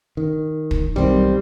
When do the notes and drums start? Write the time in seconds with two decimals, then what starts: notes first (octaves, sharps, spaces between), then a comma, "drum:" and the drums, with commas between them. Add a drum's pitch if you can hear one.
0.17 D#3
0.71 drum: kick
0.96 B1 D#3 G3 C4